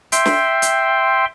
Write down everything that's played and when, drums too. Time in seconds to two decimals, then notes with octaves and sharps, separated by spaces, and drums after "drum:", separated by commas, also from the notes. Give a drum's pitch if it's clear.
0.12 E5 G5 C6, drum: hi-hat
0.26 drum: snare
0.62 drum: hi-hat